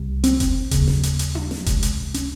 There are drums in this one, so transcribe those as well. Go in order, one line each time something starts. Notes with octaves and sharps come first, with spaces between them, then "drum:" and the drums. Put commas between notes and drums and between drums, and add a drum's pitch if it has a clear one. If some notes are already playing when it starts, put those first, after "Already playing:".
Already playing: C2 C3
C4, drum: hi-hat
drum: kick F1, hi-hat
D#2 C#3, drum: kick F1, hi-hat
drum: snare
drum: hi-hat
drum: hi-hat
drum: tom D4
drum: snare
C#2 C3, drum: kick F1, hi-hat
drum: hi-hat
C#4, drum: hi-hat